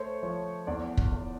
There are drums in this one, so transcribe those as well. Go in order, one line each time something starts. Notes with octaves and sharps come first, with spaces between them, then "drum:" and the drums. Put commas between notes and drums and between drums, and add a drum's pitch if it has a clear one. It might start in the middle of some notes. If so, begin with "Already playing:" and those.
Already playing: A3 C5 C#5
F3 C#5
E2 D5
drum: kick
E2